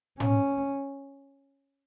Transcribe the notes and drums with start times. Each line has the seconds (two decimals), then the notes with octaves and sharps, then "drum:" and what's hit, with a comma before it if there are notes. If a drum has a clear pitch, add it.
0.20 C#4, drum: tom A2